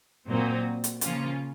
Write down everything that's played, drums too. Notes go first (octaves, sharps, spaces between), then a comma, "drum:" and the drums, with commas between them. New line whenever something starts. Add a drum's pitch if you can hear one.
A#2 F#3 C4 D#4 F#4
drum: hi-hat
C#3 F3 A#3 C#4 F4, drum: hi-hat